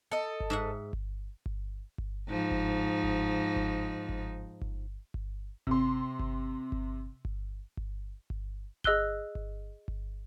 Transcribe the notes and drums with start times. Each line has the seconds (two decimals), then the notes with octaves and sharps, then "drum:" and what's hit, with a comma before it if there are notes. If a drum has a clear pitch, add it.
0.12 A4 D#5
0.40 drum: kick G1
0.50 G#2 E5 F#5
0.93 drum: kick G1
1.46 drum: kick G1
1.98 drum: kick G1
2.28 G#2 F3 D#4
2.51 drum: kick G1
3.04 drum: kick G1
3.56 drum: kick G1
4.09 drum: kick G1
4.62 drum: kick G1
5.14 drum: kick G1
5.67 C3 C6, drum: kick G1
6.19 drum: kick G1
6.72 drum: kick G1
7.25 drum: kick G1
7.77 drum: kick G1
8.30 drum: kick G1
8.84 G#4 D#5 E6 F#6 G7, drum: kick G1
9.35 drum: kick G1
9.88 drum: kick G1